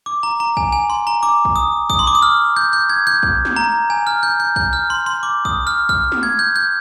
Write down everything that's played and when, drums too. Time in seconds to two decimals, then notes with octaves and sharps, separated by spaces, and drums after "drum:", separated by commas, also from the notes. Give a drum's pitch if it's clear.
0.06 D6
0.23 A#5
0.40 A#5
0.57 G#5, drum: kick
0.72 G#5
0.90 C6
1.07 A#5
1.23 D6
1.45 drum: kick
1.56 D#6
1.90 D#6, drum: kick
1.99 C6
2.07 D6
2.15 D#6
2.22 F6
2.57 G6
2.73 G6
2.90 G#6
3.07 G6
3.23 drum: kick
3.45 drum: snare
3.56 A#5
3.90 G#5
4.07 F6
4.23 G6
4.40 G6
4.56 G6, drum: kick
4.73 F6
4.90 C6
5.06 C6
5.23 D6
5.45 D#6, drum: kick
5.67 F6
5.89 F6, drum: kick
6.12 drum: snare
6.23 G#6
6.39 G6
6.56 G6